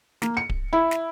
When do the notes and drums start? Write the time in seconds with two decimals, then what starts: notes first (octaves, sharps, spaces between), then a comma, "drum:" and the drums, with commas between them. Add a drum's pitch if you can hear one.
0.22 A#3, drum: snare
0.37 C#7
0.49 drum: kick D1
0.73 E4
0.91 drum: snare